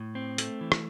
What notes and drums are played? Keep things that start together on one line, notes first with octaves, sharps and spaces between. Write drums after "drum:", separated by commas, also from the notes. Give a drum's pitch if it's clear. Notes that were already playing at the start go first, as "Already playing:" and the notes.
Already playing: A2
C4
A3, drum: hi-hat
E3
drum: rim click